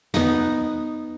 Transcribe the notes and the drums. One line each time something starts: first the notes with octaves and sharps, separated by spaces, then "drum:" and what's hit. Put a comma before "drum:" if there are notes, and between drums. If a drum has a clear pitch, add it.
B3 D#4, drum: tom